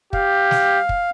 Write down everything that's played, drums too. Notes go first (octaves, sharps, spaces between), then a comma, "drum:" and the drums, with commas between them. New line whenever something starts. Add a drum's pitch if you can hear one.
G4 F5, drum: kick
drum: snare
drum: kick